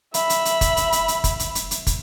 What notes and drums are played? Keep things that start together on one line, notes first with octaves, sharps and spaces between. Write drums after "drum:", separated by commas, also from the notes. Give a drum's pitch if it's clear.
E5 B5, drum: hi-hat
drum: hi-hat
drum: hi-hat
drum: kick, hi-hat
drum: hi-hat
drum: hi-hat
drum: hi-hat
drum: kick, hi-hat
drum: hi-hat
drum: hi-hat
drum: hi-hat
drum: kick, hi-hat